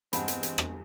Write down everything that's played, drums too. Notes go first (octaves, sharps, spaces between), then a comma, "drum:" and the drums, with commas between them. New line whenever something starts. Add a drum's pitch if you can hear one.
E2 G2 G#3 C4 F#5 A5 B5, drum: hi-hat
drum: hi-hat
drum: hi-hat
drum: rim click